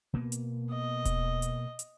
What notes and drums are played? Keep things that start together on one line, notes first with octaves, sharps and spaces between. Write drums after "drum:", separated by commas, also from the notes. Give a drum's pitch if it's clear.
B2 A#3 B3
drum: hi-hat
D#5
drum: kick D#1, hi-hat
drum: hi-hat
drum: hi-hat